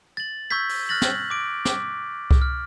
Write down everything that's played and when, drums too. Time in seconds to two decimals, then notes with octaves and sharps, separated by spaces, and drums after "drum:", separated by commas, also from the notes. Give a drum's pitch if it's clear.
0.17 A6 F#7
0.51 C#6 E6 G6 G#6 B6
0.69 drum: open hi-hat
0.89 F6 F#6 A6 A#6 F#7
1.02 drum: snare
1.30 D6 D7
1.65 D6 B6, drum: snare
2.31 drum: kick C2
2.42 F6